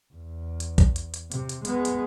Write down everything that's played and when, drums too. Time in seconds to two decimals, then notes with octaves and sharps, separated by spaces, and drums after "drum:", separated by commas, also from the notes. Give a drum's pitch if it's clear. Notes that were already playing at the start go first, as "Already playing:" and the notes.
0.14 E2
0.60 drum: hi-hat
0.78 drum: kick, hi-hat
0.96 drum: hi-hat
1.14 drum: hi-hat
1.32 C3, drum: hi-hat
1.49 drum: hi-hat
1.65 G#3 B3, drum: hi-hat
1.85 drum: hi-hat